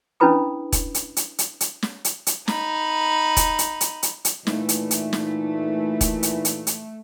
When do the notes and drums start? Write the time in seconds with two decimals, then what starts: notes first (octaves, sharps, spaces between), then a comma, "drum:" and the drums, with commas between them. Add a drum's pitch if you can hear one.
0.20 C#4 D4 E4 B4 B5 D#6
0.72 drum: kick E1, hi-hat
0.94 drum: hi-hat
1.16 drum: hi-hat
1.38 drum: hi-hat
1.61 drum: hi-hat
1.83 drum: snare
2.05 drum: hi-hat
2.27 drum: hi-hat
2.48 D#4 B5, drum: snare
3.37 drum: kick E1, hi-hat
3.59 drum: hi-hat
3.81 drum: hi-hat
4.03 drum: hi-hat
4.25 drum: hi-hat
4.47 A#2 E3 A3 D#4, drum: snare
4.69 drum: hi-hat
4.91 drum: hi-hat
5.13 drum: snare
6.01 drum: kick E1, hi-hat
6.23 drum: hi-hat
6.45 drum: hi-hat
6.67 drum: hi-hat